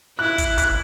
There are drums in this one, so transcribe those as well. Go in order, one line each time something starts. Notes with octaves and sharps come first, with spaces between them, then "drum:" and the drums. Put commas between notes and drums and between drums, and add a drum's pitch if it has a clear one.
E4 F#6
drum: kick, hi-hat
F#6, drum: kick, hi-hat